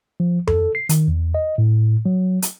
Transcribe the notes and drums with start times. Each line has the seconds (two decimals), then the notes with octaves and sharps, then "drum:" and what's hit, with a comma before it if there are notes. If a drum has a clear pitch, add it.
0.20 F3
0.47 A4, drum: tom F2
0.75 C7
0.89 D#3, drum: hi-hat
1.08 E2
1.34 D#5
1.58 A2
2.06 F#3
2.42 drum: hi-hat